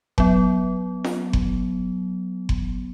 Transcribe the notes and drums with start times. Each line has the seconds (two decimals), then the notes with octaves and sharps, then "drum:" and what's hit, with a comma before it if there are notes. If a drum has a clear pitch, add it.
0.18 F#3 B3, drum: kick F#1
1.04 drum: snare
1.33 drum: kick F#1
2.49 drum: kick F#1